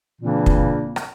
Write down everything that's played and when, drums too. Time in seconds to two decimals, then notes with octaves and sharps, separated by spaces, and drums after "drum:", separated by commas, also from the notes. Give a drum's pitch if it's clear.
0.21 A#2 C#3 E3 A#3 C4 D4
0.46 drum: kick
0.96 drum: rim click